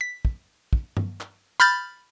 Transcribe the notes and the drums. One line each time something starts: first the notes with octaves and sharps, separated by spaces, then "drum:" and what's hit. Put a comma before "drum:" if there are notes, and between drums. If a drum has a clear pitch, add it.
B6
drum: kick
drum: kick
drum: tom G2
drum: clap
B5 F6 G6 A6